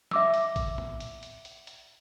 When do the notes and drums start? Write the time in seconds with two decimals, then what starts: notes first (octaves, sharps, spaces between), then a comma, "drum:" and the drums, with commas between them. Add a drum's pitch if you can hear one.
0.11 E5 D6 E6, drum: snare
0.34 drum: hi-hat
0.56 drum: kick A#1, hi-hat
0.78 drum: tom A2
1.00 drum: hi-hat
1.23 drum: hi-hat
1.45 drum: hi-hat
1.67 drum: hi-hat